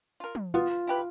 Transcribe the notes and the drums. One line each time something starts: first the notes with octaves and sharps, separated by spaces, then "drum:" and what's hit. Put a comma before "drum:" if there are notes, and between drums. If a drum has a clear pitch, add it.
F4 A#4
drum: tom
B3 F4
E4 G4 B4